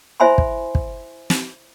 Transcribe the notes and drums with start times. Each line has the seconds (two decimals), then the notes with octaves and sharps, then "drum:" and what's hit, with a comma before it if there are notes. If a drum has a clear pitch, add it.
0.20 E4 C5 E5 G#5 B5 C6
0.38 drum: kick
0.75 drum: kick
1.30 drum: snare